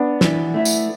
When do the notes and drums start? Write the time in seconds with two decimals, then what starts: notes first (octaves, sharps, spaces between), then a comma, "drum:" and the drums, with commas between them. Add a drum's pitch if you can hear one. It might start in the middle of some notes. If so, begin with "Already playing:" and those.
Already playing: B3 D4
0.21 E3, drum: snare
0.54 A3 E4
0.65 drum: tambourine